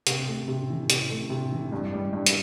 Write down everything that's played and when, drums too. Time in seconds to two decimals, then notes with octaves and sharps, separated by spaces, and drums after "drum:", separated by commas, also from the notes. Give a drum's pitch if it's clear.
0.07 C3, drum: hi-hat
0.27 A3
0.48 C3
0.69 E3
0.90 C3, drum: hi-hat
1.10 A3
1.30 C3
1.51 E3
1.72 G2
1.93 G3
2.13 G2
2.26 drum: hi-hat